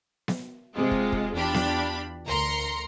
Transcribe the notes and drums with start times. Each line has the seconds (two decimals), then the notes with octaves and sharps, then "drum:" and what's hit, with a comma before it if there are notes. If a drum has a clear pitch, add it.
0.28 drum: snare B3
0.74 C3 G#3 F4
0.91 drum: kick
1.12 drum: kick
1.33 E2 D4 F4 G4 B5
1.54 drum: snare B3
2.26 D2 A#4 A#5 C6 C#7